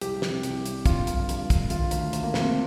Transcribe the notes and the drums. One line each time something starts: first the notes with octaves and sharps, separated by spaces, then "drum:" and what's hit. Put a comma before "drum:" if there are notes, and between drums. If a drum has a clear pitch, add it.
C2 G4, drum: hi-hat
C3, drum: snare
C2, drum: hi-hat
C3, drum: hi-hat
D3 F4, drum: kick, hi-hat
G2, drum: hi-hat
G2, drum: hi-hat
D3, drum: kick, hi-hat
D#3 F4, drum: hi-hat
D2, drum: hi-hat
D2, drum: hi-hat
A#3
D2 C4, drum: snare